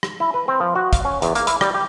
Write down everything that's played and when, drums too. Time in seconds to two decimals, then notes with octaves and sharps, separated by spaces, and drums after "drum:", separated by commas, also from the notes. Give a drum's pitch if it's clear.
0.03 drum: rim click
0.20 E4
0.34 B4
0.48 C4
0.60 F3
0.75 F#4
0.93 F5, drum: kick, hi-hat
1.05 C#4
1.22 E2, drum: hi-hat
1.35 A#3, drum: hi-hat
1.47 E4, drum: hi-hat
1.61 G3, drum: rim click
1.74 G4